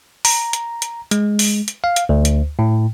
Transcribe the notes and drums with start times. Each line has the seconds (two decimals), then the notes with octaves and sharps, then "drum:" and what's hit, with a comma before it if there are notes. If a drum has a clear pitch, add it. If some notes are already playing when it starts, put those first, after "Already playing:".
0.25 A#5, drum: open hi-hat
0.53 drum: hi-hat
0.82 drum: hi-hat
1.11 G#3, drum: hi-hat
1.39 drum: open hi-hat
1.68 drum: hi-hat
1.84 F5
1.96 drum: hi-hat
2.09 D2
2.25 drum: hi-hat
2.59 A2